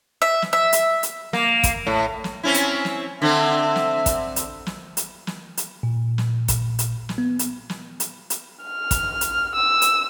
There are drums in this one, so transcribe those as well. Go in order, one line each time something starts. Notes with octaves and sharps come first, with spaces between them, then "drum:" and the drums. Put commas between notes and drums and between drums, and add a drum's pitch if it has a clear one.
E5
drum: snare
E5
drum: hi-hat
drum: hi-hat
A#3, drum: snare
drum: kick, hi-hat
A2
drum: snare
C4 C#4 E4
drum: hi-hat
drum: snare
D3 C4 E5
drum: snare
drum: kick, hi-hat
drum: hi-hat
drum: snare
drum: hi-hat
drum: snare
drum: hi-hat
A#2
drum: snare
drum: kick, hi-hat
drum: hi-hat
drum: snare
B3
drum: hi-hat
drum: snare
drum: hi-hat
drum: hi-hat
F6
drum: kick, hi-hat
drum: hi-hat
E6
drum: hi-hat